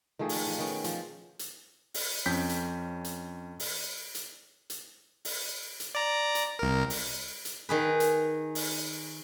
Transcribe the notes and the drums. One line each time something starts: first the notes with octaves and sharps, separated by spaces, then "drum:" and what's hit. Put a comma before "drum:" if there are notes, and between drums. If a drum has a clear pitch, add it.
D#3 F3 A3 G#4
drum: open hi-hat
F3
D#3 B3 C#4
F3, drum: hi-hat
drum: hi-hat
drum: open hi-hat
F2 C#4 G6 B6
drum: hi-hat
drum: hi-hat
drum: open hi-hat
drum: hi-hat
drum: hi-hat
drum: open hi-hat
drum: hi-hat
D5 A#5
drum: hi-hat
C2 A#4
drum: open hi-hat
drum: hi-hat
D#3 G#4 B4
drum: hi-hat
drum: open hi-hat